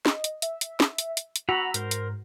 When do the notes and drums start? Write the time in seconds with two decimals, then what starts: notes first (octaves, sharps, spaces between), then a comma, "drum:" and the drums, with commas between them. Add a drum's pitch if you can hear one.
0.06 D#5, drum: snare
0.24 drum: hi-hat
0.42 E5, drum: hi-hat
0.61 drum: hi-hat
0.80 drum: snare
0.98 drum: hi-hat
1.17 drum: hi-hat
1.36 drum: hi-hat
1.49 F#4 F#5 A#5 B5 E6
1.74 G#2 A#4 C5, drum: hi-hat
1.91 drum: hi-hat